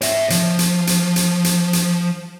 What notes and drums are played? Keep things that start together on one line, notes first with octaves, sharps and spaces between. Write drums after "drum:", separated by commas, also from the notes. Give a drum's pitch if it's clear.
C#5 E5, drum: hi-hat
F3, drum: hi-hat
drum: hi-hat
drum: hi-hat
drum: hi-hat
drum: hi-hat
drum: hi-hat